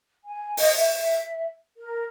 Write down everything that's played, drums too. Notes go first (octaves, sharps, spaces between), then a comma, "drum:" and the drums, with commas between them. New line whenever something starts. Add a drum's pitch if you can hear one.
G#5
D#5, drum: open hi-hat
E5
A#4